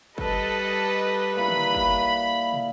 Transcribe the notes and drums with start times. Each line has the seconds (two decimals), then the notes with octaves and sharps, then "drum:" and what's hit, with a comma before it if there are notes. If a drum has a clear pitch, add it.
0.18 G3 A4 B4 D#5, drum: kick
1.37 A#2 E4 A#5 B5
1.48 drum: tom D3
1.74 drum: kick
2.53 drum: tom